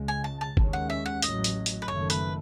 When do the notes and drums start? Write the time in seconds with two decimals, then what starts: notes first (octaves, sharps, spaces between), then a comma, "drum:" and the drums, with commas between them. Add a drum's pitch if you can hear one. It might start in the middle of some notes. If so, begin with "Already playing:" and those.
Already playing: C#2 C#3 G#3
0.08 G#5
0.24 A5
0.41 A5
0.57 D#2 D#3 G#3 C#4, drum: kick G1
0.73 F#5
0.90 E5
1.06 F#5
1.22 A1 A2 F#3 D#5, drum: hi-hat
1.44 drum: hi-hat
1.66 drum: hi-hat
1.82 B4
1.88 F#1 F#2 D#3 A3 C#5
2.10 B4, drum: hi-hat